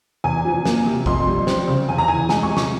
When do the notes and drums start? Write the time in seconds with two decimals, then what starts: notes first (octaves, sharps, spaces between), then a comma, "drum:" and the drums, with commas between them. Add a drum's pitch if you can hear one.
0.24 E2 G#5
0.45 F3
0.65 A#3, drum: snare
0.87 C3
1.06 F2 C6, drum: kick
1.27 G3
1.47 C4, drum: snare
1.68 C#3
1.89 E2 G#5
1.98 A#5
2.08 E3 G#5
2.29 G#3 G#5, drum: snare
2.43 C#6
2.50 C3
2.57 C#6, drum: snare